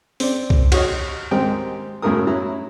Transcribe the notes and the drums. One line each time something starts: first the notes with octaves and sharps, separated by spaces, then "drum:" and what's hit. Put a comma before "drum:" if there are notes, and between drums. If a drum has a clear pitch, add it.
C4 D5, drum: open hi-hat
drum: kick C2
F#4 G4 C#5 D#5, drum: cymbal
G#2 D#3 C4 G4 G5
F#2 A2 C#3 A3 A#4 D#6
F#3 E4 A#5